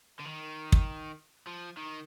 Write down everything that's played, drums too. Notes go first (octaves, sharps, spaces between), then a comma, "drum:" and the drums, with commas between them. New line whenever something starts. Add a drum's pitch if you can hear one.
D3
D#3
drum: kick
F3
D#3